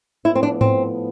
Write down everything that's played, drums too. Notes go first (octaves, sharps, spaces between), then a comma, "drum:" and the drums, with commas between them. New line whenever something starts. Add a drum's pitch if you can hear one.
A2 F3 B3 E4
C4
D4
C4, drum: tom G#2